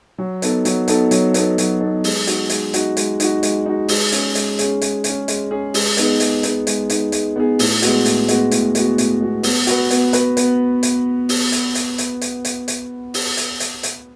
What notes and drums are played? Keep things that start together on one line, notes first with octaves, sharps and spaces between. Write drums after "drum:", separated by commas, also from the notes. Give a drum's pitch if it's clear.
F#3
B3 D#4 A4, drum: hi-hat
F#3, drum: hi-hat
B3 D#4 A4, drum: hi-hat
F#3, drum: hi-hat
B3 D#4 A4, drum: hi-hat
F#3, drum: hi-hat
B3 D#4 A4
G#3, drum: open hi-hat
D#4 F#4, drum: hi-hat
G#3, drum: hi-hat
D#4 F#4, drum: hi-hat
G#3, drum: hi-hat
D#4 F#4, drum: hi-hat
G#3, drum: hi-hat
D#4 F#4
G#3, drum: open hi-hat
C#4 G#4, drum: hi-hat
G#3, drum: hi-hat
C#4 G#4, drum: hi-hat
G#3, drum: hi-hat
C#4 G#4, drum: hi-hat
G#3, drum: hi-hat
C#4 G#4
G#3, drum: open hi-hat
B3 D#4 G#4, drum: hi-hat
G#3, drum: hi-hat
B3 D#4 G#4, drum: hi-hat
G#3, drum: hi-hat
B3 D#4 G#4, drum: hi-hat
G#3, drum: hi-hat
B3 D#4 G#4
A2, drum: open hi-hat
G#3 B3 F#4, drum: hi-hat
A2, drum: hi-hat
G#3 B3 F#4, drum: hi-hat
A2, drum: hi-hat
G#3 B3 F#4, drum: hi-hat
A2, drum: hi-hat
G#3 B3 F#4
B3, drum: open hi-hat
F#4 B4, drum: hi-hat
B3, drum: hi-hat
F#4 B4, drum: hi-hat
B3, drum: hi-hat
drum: hi-hat
drum: open hi-hat
drum: hi-hat
drum: hi-hat
drum: hi-hat
drum: hi-hat
drum: hi-hat
drum: hi-hat
drum: open hi-hat
drum: hi-hat
drum: hi-hat
drum: hi-hat